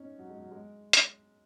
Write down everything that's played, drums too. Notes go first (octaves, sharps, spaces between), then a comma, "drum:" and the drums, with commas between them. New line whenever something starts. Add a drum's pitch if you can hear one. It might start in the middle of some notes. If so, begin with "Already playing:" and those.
Already playing: C#4 D#4
F#3
G#3
F#3
G#3
drum: hi-hat